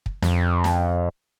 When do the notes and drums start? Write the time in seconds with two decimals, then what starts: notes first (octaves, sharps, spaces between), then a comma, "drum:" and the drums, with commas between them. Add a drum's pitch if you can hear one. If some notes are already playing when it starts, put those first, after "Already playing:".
0.06 drum: kick
0.22 F2, drum: snare
0.64 drum: snare